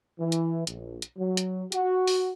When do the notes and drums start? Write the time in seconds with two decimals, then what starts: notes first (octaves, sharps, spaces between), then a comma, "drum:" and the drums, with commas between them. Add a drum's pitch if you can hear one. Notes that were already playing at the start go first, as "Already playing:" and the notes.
0.19 E3
0.32 drum: hi-hat
0.67 A#1, drum: hi-hat
1.02 drum: hi-hat
1.18 F#3
1.37 drum: hi-hat
1.72 F#4, drum: hi-hat
2.07 drum: open hi-hat